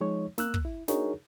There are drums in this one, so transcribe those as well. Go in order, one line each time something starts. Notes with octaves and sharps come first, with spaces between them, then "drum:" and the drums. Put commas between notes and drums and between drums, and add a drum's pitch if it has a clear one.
F3 G#3 D#4 C#5
A#3 E6 F#6, drum: snare
drum: kick
E4
D4 D#4 F#4 G#4 A#4 C#5, drum: snare